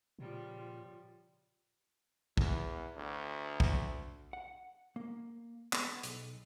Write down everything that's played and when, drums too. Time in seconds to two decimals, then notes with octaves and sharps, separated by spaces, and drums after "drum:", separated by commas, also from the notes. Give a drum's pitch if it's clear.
0.19 A#2 C#3 F3 G3
2.37 E2, drum: kick
2.96 D2
3.60 drum: kick
4.33 F#5
4.96 A#3
5.73 B3, drum: clap
6.03 B1, drum: hi-hat